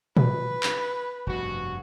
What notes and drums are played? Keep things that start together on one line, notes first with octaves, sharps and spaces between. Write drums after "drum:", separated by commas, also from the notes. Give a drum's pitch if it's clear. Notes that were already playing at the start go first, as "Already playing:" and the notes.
B4, drum: tom A#2
drum: clap
F1 G2 B2 F#4